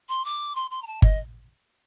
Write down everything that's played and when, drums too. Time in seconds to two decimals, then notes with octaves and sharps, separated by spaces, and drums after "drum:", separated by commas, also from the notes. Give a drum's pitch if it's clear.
0.09 C6
0.25 D6
0.55 C6
0.71 C6
0.82 A#5
0.87 A5
1.02 D#5, drum: kick G1